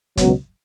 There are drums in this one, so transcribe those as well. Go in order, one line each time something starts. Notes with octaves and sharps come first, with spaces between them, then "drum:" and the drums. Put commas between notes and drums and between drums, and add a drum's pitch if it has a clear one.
C#2 B2 F#3, drum: kick, hi-hat